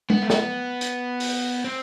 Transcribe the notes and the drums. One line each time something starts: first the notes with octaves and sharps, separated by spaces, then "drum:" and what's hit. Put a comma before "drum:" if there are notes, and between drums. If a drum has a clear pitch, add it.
B3, drum: tom G#3
A3
B3, drum: snare
drum: hi-hat
drum: open hi-hat
C4